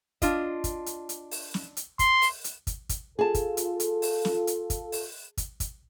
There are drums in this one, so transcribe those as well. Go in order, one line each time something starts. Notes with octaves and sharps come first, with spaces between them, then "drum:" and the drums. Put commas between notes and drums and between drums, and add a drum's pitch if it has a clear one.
D4 F4 D#5, drum: kick, hi-hat
drum: kick, hi-hat
drum: hi-hat
drum: hi-hat
drum: open hi-hat
drum: snare
drum: hi-hat
C6, drum: kick, hi-hat
drum: open hi-hat
drum: hi-hat
drum: kick, hi-hat
drum: kick, hi-hat
F4 G#4 A4 A5
drum: kick, hi-hat
drum: hi-hat
drum: hi-hat
drum: open hi-hat
drum: snare
drum: hi-hat
drum: kick, hi-hat
drum: open hi-hat
drum: kick, hi-hat
drum: kick, hi-hat